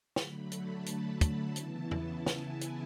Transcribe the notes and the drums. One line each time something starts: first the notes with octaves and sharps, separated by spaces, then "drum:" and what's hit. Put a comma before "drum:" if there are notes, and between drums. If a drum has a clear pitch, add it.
D3 F#3 A3 B5, drum: snare
A5, drum: hi-hat
drum: hi-hat
drum: kick, hi-hat
C#3 E3 B3 E4 A5, drum: hi-hat
drum: tom E2
G#5, drum: snare
drum: hi-hat